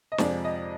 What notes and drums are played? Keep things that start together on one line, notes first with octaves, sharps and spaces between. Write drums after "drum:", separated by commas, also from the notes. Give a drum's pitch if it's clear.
D#5
F2 C3 F3 G#3 D5, drum: snare
D#5